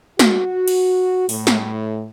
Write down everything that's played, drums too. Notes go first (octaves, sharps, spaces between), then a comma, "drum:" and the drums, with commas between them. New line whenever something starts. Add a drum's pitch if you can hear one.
F#4, drum: snare
drum: cymbal
A2, drum: open hi-hat
drum: snare